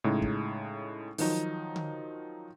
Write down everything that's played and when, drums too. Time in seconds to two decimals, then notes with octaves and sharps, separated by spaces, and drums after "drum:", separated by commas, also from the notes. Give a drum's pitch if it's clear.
0.04 A2 C#3 G#3 D#4
0.22 drum: kick
1.18 D#3 F3 F#3 D#4, drum: open hi-hat
1.76 drum: tom D3